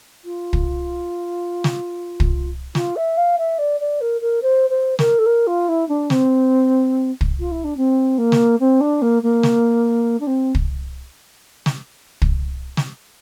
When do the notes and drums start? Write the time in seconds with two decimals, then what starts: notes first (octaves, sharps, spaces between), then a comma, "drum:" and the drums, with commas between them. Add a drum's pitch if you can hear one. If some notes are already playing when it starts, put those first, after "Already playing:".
0.24 F4
0.53 drum: kick
1.64 drum: snare
2.20 drum: kick
2.75 F4, drum: snare
2.96 E5
3.17 F5
3.38 E5
3.58 D5
3.80 D5
4.01 A#4
4.21 A#4
4.42 C5
4.70 C5
4.99 A#4, drum: snare
5.18 A4
5.26 A#4
5.47 F4
5.68 E4
5.88 D4
6.10 C4, drum: snare
7.21 drum: kick
7.39 F4
7.51 E4
7.64 D4
7.77 C4
8.18 A#3
8.32 drum: snare
8.60 C4
8.80 D4
9.02 A#3
9.22 A#3
9.43 drum: snare
10.20 D4
10.27 C4
10.55 drum: kick
11.66 drum: snare
12.22 drum: kick
12.77 drum: snare